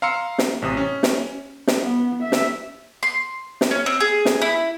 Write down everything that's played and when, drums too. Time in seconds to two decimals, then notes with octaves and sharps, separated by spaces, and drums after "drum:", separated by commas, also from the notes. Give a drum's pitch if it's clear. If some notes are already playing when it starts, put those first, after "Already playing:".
0.02 F5 A#5 C6 E6 C#7
0.38 drum: snare
0.62 A1 C3 D#6
0.77 C#4
1.03 drum: snare
1.67 drum: snare
1.82 B3
2.23 E5
2.32 drum: snare
3.03 C6
3.61 drum: snare
3.71 C#4
3.86 C4
4.00 G#4
4.25 drum: snare
4.42 E4